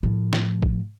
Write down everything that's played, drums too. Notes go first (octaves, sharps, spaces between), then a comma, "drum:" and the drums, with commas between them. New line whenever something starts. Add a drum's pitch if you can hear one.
A2 F3
drum: snare
drum: kick